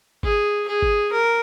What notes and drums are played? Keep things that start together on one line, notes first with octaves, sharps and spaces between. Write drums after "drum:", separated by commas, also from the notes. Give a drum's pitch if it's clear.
G#4, drum: kick G#1
G#4
drum: kick G#1
A#4